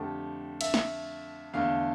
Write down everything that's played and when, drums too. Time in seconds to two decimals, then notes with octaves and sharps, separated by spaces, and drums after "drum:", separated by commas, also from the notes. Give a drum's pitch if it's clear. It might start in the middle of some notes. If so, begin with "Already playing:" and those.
Already playing: F2 D3 A3 G4
0.61 E5, drum: cymbal
0.74 drum: snare
1.53 E2 D3 A3 F5